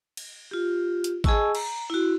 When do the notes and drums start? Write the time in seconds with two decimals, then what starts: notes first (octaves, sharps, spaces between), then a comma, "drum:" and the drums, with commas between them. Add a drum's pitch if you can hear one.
0.17 drum: cymbal
0.51 F4 G4
1.04 drum: hi-hat
1.24 G#4 D#5 G#5 A5 C#6 E6, drum: kick G#1
1.55 A#5, drum: cymbal
1.90 E4 F#4